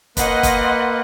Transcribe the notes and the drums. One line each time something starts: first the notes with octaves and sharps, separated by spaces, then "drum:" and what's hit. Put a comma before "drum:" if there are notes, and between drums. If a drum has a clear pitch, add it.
A#3 B4 D#5 F#5 C6, drum: kick, hi-hat
drum: kick, hi-hat